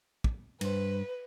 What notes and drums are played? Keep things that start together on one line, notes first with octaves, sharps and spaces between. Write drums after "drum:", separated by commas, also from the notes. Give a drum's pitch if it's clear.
drum: kick
G2 B4 C5, drum: cymbal